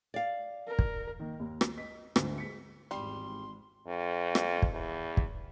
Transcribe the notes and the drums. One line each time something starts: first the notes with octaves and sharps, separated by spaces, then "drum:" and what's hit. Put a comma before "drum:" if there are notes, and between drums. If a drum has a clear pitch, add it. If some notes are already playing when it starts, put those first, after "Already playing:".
D5 F5
A#4
drum: kick
D#3 A#3
D#2
drum: rim click
D#5 B6
D2 G#2 D3 A3, drum: rim click
G#3 B6 C#7
G#1 E2 G#2 G3 C6
F2
drum: rim click
drum: kick
E2
drum: kick